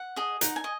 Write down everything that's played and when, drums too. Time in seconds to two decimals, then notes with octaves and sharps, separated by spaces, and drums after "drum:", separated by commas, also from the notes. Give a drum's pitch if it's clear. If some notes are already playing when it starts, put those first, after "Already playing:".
Already playing: F#5
0.16 G#4 D#5
0.41 D#4 F#5, drum: hi-hat
0.56 G#5
0.64 D#5